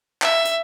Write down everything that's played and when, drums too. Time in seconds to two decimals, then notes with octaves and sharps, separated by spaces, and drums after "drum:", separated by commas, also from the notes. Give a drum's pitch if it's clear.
0.22 E5, drum: clap
0.45 drum: hi-hat